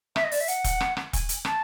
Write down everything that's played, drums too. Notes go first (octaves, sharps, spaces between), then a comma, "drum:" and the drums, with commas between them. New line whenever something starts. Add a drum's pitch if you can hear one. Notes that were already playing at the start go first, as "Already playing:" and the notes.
E5, drum: rim click
D#5
D5, drum: open hi-hat
E5
F#5, drum: hi-hat
drum: kick E1, hi-hat
drum: rim click
drum: rim click
G#5, drum: kick E1, hi-hat
drum: hi-hat
A5, drum: rim click